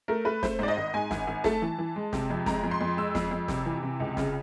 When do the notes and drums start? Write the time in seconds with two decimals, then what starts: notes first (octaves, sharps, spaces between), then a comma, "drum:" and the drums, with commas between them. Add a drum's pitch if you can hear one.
0.08 A3 A#4
0.25 A3 B4
0.43 A3 C5, drum: snare
0.59 G#2 D5
0.68 D#5
0.77 G#1
0.94 G#2 G#5
1.11 G#1, drum: snare
1.27 G#1
1.44 A3 A5, drum: snare
1.62 E3
1.78 E3
1.96 G#3
2.13 C3, drum: snare
2.30 F2
2.46 G#3 A#5, drum: snare
2.64 F2
2.71 C6
2.81 F2
2.97 G#3 E6
3.15 F2, drum: snare
3.31 F2
3.48 C3, drum: snare
3.66 E3
3.83 C3
4.00 C#2
4.17 C#3, drum: snare